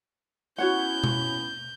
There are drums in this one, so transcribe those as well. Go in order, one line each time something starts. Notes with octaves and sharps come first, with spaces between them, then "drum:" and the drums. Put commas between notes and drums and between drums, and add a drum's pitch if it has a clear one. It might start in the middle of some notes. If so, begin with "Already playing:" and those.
B3 C#4 E4 F#4 C#5 F#5 G6
drum: tom B2